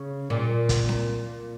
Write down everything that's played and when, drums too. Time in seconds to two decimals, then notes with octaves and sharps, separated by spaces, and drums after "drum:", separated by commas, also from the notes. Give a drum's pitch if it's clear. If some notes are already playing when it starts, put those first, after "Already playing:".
Already playing: C#3
0.30 A#2
0.69 drum: kick, hi-hat
0.89 drum: snare C4